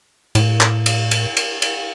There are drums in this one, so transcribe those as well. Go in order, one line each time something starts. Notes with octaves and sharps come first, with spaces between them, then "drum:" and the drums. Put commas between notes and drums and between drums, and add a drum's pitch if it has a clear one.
A2, drum: cymbal
drum: clap
drum: cymbal
drum: cymbal
drum: cymbal
drum: cymbal